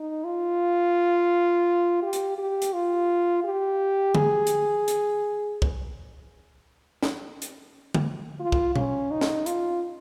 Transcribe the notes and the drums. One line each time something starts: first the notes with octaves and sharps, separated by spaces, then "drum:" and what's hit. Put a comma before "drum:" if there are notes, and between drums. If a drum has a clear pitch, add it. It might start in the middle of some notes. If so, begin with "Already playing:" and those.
Already playing: D#4
F4
G4
drum: hi-hat
G4
drum: hi-hat
F4
G4
G#4, drum: tom D3
drum: hi-hat
drum: hi-hat
drum: kick
drum: snare
drum: hi-hat
drum: tom D3
F4
drum: kick
C#4, drum: tom B2
D#4
drum: snare
F4, drum: hi-hat